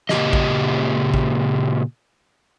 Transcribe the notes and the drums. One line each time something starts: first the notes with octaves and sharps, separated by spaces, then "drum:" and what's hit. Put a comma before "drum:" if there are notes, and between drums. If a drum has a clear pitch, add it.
A#2 C#3 G4 D#5, drum: snare
drum: kick A1
drum: kick A1